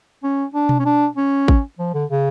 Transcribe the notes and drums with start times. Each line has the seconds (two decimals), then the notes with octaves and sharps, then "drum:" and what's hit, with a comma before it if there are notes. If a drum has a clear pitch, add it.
0.23 C#4
0.54 D4
0.69 drum: tom B2
0.80 C#4
0.85 D4
1.17 C#4
1.48 drum: kick
1.79 F3
1.94 D3
2.10 C#3